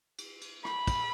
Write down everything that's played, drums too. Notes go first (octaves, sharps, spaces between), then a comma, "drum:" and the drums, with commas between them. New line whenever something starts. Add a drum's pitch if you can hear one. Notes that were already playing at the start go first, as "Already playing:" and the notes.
drum: cymbal
drum: cymbal
B5, drum: rim click
drum: kick, cymbal